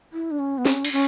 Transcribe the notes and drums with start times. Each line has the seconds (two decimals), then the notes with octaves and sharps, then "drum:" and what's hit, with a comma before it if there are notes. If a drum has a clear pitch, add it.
0.13 E4
0.31 D4
0.39 C#4
0.58 B3
0.65 C#4, drum: snare
0.85 D4, drum: cymbal
0.92 C#4